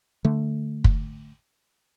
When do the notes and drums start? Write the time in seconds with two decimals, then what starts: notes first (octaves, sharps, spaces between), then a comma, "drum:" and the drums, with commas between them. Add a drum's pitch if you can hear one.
0.25 D3 A3
0.84 drum: kick